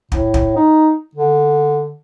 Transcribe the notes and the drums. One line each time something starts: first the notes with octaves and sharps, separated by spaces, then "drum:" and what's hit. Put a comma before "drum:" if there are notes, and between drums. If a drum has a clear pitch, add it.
A2, drum: kick
drum: kick
D#4
D3